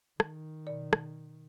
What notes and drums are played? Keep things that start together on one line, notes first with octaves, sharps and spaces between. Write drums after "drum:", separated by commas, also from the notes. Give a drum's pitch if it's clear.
D#3, drum: rim click
B2 D5
drum: rim click